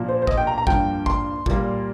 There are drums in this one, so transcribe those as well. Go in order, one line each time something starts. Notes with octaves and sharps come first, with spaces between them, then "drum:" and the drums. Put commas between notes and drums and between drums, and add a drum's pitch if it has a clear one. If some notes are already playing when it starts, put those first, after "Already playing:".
Already playing: A#2 F3 A#3
C5
C5
D#5, drum: kick G#1
G5
A#5
A#5
G2 F3 A#3 G5, drum: kick G#1
C6, drum: kick G#1
A#2 G3 A#3, drum: kick G#1